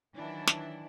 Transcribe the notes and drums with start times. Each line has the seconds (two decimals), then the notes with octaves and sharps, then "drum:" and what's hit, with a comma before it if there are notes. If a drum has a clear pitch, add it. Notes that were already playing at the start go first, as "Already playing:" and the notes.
0.16 D#3 E3 F#3 D4 E4
0.47 drum: snare